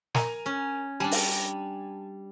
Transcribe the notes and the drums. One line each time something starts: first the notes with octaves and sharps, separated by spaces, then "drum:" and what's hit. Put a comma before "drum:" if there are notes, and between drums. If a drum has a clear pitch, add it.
A#4 G#5 A#5, drum: snare
C#4
G3 D4 G#5 A5
drum: open hi-hat